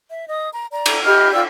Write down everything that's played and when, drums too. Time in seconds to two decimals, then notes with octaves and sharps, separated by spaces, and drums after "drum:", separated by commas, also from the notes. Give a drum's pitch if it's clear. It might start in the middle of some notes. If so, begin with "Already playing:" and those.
0.10 E5
0.29 D#5 D#6
0.53 A#5
0.73 D5 A#5
0.86 drum: cymbal
1.06 G4 D#5 B5 F6
1.32 F4 D5 G5 E6